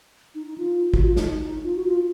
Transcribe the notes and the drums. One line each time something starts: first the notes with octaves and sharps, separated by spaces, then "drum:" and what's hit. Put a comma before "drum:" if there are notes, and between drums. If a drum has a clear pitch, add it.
D#4
D#4
F4
F#4, drum: kick G#1
F4
D#4, drum: snare
F4
F#4
F4